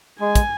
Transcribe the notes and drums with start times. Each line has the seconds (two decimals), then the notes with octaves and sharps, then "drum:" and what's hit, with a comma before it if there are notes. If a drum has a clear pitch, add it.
0.20 G#3 G#5
0.35 drum: kick, hi-hat